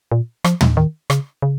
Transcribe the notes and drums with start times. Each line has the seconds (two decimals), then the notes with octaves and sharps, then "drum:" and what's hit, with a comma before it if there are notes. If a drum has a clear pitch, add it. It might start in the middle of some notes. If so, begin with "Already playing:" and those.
0.12 A#2
0.44 F3, drum: rim click
0.61 drum: tom
0.77 D#3
1.10 C#3, drum: rim click
1.42 C#3